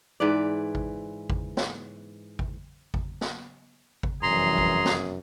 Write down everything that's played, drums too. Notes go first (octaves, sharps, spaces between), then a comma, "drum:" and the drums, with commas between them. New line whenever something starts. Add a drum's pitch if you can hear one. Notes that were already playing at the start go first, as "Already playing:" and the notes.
G#2 E3 B4 D5
drum: kick G#1
drum: kick G#1
drum: snare
drum: kick G#1
drum: kick G#1
drum: snare
drum: kick G#1
F1 F#2 E3 G3 G#4 A#5 C6
drum: kick G#1
drum: snare